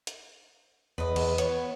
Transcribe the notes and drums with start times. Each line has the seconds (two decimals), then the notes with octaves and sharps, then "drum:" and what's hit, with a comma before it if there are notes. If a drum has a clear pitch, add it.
0.07 drum: hi-hat
0.98 E2 B4 D#5
1.16 E2, drum: cymbal
1.38 B3 C#5, drum: hi-hat